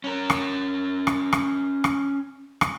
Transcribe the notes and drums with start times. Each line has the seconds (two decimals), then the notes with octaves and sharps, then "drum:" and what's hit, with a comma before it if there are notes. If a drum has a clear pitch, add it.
0.04 C#4 A#4
0.30 drum: rim click
1.07 drum: rim click
1.33 drum: rim click
1.84 drum: rim click
2.61 drum: rim click